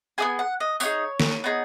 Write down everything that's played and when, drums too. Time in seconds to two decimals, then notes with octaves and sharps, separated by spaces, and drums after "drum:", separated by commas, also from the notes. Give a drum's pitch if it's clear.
0.18 B3 D#4 G#4 G#5
0.39 F#5
0.60 D#5
0.80 B3 D#4 G#4 C#5, drum: tambourine
1.20 drum: snare
1.44 B3 D#4 G#4